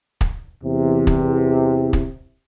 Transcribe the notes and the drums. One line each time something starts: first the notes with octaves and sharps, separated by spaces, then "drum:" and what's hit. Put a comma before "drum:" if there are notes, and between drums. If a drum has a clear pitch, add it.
drum: kick
E2 C3
drum: kick
drum: kick